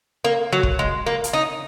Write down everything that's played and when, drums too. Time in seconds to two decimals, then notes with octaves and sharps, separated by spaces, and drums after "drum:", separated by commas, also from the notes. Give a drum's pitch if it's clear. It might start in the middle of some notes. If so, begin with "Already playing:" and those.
0.25 A#3
0.53 F#3
0.63 drum: kick
0.79 G#3
1.06 A#3
1.24 drum: hi-hat
1.33 D#4